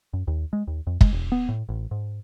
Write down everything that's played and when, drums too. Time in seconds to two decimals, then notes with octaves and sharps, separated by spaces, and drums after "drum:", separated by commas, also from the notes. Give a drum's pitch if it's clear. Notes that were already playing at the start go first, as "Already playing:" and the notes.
0.13 F#2
0.27 D#2
0.53 G#3
0.68 D#2
0.87 F2
1.01 G#3, drum: kick
1.13 E1
1.32 B3
1.49 A2
1.69 A1
1.91 G#2